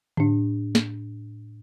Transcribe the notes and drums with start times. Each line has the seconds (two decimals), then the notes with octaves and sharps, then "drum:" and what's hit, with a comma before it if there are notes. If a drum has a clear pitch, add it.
0.17 A2 D4, drum: tom D3
0.75 drum: snare